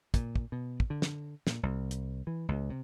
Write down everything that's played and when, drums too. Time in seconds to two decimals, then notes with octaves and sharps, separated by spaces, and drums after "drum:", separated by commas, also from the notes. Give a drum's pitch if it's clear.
0.14 A#2, drum: kick, hi-hat
0.36 drum: kick
0.52 B2
0.80 drum: kick
0.90 D3
1.02 drum: snare
1.47 A#2, drum: snare
1.63 C2
1.91 drum: hi-hat
2.27 E3
2.49 C#2
2.70 C3